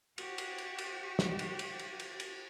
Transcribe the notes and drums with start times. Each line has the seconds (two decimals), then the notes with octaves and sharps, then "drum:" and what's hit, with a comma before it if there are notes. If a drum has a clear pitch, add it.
0.18 F#4 G4, drum: cymbal
0.38 drum: cymbal
0.58 drum: cymbal
0.78 drum: cymbal
1.19 drum: snare
1.39 drum: cymbal
1.59 drum: cymbal
1.79 drum: cymbal
2.00 drum: cymbal
2.20 drum: cymbal